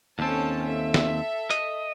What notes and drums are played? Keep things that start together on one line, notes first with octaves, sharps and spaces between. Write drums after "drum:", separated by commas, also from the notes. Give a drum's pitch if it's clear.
D#2 C4 C#4 A4 A5
A4 E5
drum: snare
D#5, drum: hi-hat